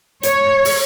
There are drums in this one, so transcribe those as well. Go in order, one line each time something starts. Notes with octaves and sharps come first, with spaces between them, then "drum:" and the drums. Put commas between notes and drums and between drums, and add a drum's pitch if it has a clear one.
C#5, drum: hi-hat
drum: open hi-hat